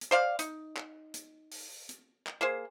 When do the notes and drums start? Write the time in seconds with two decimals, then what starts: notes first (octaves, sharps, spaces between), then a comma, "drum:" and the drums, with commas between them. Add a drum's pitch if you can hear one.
0.01 drum: hi-hat
0.11 C5 D5 F5
0.39 D#4, drum: hi-hat
0.76 drum: clap
1.14 drum: hi-hat
1.52 drum: open hi-hat
1.89 drum: hi-hat
2.27 drum: clap
2.41 A#3 G#4 C5